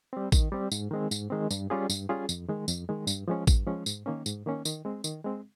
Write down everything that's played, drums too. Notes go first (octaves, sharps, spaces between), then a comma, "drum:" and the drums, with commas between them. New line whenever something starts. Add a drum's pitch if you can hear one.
G3 C4
D#3, drum: kick, tambourine
G3 C4
G#2, drum: tambourine
D#3 G#3 C4
G#2, drum: tambourine
D#3 G#3 C4
G2, drum: tambourine
G3 C#4 F4 G#4
G2, drum: tambourine
G3 C#4 F4 G#4
F2, drum: tambourine
D#3 G#3
F2, drum: tambourine
D#3 G#3
G2, drum: tambourine
F3 G#3 C#4
G2, drum: kick, tambourine
F3 G#3 C#4
G#2, drum: tambourine
D#3 A#3 C#4
G#2, drum: tambourine
D#3 A#3 C#4
D#3, drum: tambourine
G#3 C4
D#3, drum: tambourine
G#3 C4